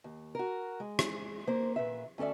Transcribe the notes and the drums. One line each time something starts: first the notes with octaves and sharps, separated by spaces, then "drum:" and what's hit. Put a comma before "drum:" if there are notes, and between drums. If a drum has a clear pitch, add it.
D#2
F#4 A#4
G#3
drum: rim click
A#3 C5
A#2 B4 E5
D2 C#4 A4 D5 E5